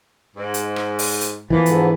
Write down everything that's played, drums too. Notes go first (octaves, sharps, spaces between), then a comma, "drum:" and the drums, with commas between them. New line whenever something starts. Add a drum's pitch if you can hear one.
G#2
drum: hi-hat
drum: rim click
drum: open hi-hat
drum: hi-hat
E3 F3 A#3 B3
G#2 D3, drum: hi-hat